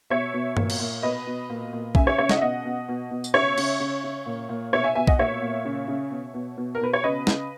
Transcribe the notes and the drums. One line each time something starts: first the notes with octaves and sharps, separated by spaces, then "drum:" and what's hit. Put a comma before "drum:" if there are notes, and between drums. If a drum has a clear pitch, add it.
B2 C#5 E5
B2
A#2, drum: tom G2
drum: cymbal
A#2
B2 B4 D#5
B2
A#2
A#2
C#3 E5 G#5, drum: kick
C#5 E5
C#3 C#5 E5
D#5 F#5, drum: snare
E5
B2 D#5 F#5
B2
B2
B2
drum: tambourine
C#3 C#5 E5
C#3, drum: cymbal
C#3
C#3
A#2
A#2
B2 C#5 E5
E5 G#5
B2 E5 G#5
D#5 F#5, drum: kick
A#2 C#5 E5
A#2
C#3
C#3
B2
B2
B2
A#4
B2 B4
C#5
C#3 B4 D#5
C#3, drum: snare